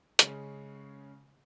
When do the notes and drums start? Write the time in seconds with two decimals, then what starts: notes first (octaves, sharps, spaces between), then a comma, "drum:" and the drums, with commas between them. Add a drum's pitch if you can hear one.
0.19 C#3 G#3 C#4, drum: hi-hat